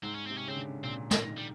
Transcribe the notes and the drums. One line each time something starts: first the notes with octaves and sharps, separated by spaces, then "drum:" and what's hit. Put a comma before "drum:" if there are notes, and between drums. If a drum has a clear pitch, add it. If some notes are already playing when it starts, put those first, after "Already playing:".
G#2 C4
C#4
C3 C4
C#4
C#3 C4
D3
A#2 C4
A#3, drum: snare
D#3
G3